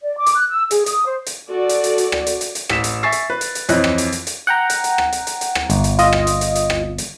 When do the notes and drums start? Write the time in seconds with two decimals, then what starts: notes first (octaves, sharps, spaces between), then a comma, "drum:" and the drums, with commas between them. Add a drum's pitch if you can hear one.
0.02 D5
0.17 D6
0.26 drum: hi-hat
0.35 F#6
0.50 E6
0.71 G#4, drum: hi-hat
0.86 D#6, drum: hi-hat
1.06 C5
1.26 drum: hi-hat
1.47 F#4 A4 D5
1.69 drum: hi-hat
1.84 drum: hi-hat
1.98 drum: hi-hat
2.12 drum: rim click
2.27 drum: hi-hat
2.41 drum: hi-hat
2.55 drum: hi-hat
2.69 A1 B6 E7, drum: rim click
2.84 drum: hi-hat
3.03 E5 G#5 C#6 A6 C7
3.12 drum: hi-hat
3.30 B4
3.41 drum: hi-hat
3.55 drum: hi-hat
3.69 F2 E3 C#5 D#5 F#6, drum: hi-hat
3.84 drum: rim click
3.98 drum: hi-hat
4.12 drum: hi-hat
4.27 drum: hi-hat
4.47 F#5 G5 A#5
4.70 drum: hi-hat
4.84 drum: hi-hat
4.98 drum: rim click
5.12 drum: hi-hat
5.27 drum: hi-hat
5.41 drum: hi-hat
5.55 drum: rim click
5.70 G1, drum: hi-hat
5.84 drum: hi-hat
5.99 F4 D#5, drum: hi-hat
6.13 drum: rim click
6.27 drum: hi-hat
6.41 drum: hi-hat
6.55 drum: hi-hat
6.70 drum: rim click
6.98 drum: hi-hat